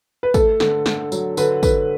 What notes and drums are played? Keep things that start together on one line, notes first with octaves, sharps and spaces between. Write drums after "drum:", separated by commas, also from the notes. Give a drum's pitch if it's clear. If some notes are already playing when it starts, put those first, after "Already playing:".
B4
A3 A4, drum: kick, tambourine
D3, drum: snare
D3, drum: snare
F#3, drum: tambourine
D3 B4, drum: tambourine
D3 B4, drum: kick, tambourine